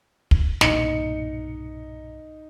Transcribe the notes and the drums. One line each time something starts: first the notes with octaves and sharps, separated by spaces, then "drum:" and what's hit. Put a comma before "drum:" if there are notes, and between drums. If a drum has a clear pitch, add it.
drum: kick
B1 G2 A#2 D#4 C#7, drum: snare